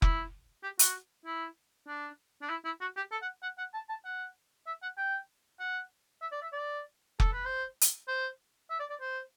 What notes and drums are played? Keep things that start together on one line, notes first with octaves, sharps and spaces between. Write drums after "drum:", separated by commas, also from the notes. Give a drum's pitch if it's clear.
E4, drum: kick F1
G4
F#4, drum: hi-hat
E4
D4
D4
E4
E4
F#4
G4
A4
F#5
F#5
F#5
A5
A5
F#5
E5
F#5
G5
F#5
E5
D5
E5
D5
A4, drum: kick F1
B4
C5
drum: hi-hat
C5
E5
D5
D5
C5